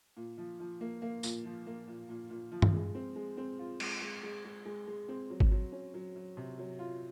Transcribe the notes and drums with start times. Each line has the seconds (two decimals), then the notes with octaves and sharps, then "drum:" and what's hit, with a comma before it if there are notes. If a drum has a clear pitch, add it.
0.17 A#2
0.38 F3
0.60 F3
0.81 A#3
1.02 A#3
1.23 A#2, drum: tambourine
1.45 F3
1.66 A#3
1.87 A#2
2.09 A#2
2.30 A#2
2.52 F3
2.62 drum: tom
2.73 G#3
2.95 C4
3.16 G#3
3.37 C4
3.59 F4
3.80 G#3, drum: cymbal
4.02 G#3
4.23 G#3
4.44 G#3
4.65 G#3
4.87 G#3
5.08 C4
5.30 F#3
5.40 drum: kick G#1
5.51 F#3
5.72 C#4
5.94 F#3
6.16 F#3
6.37 C3
6.58 F#3
6.79 F4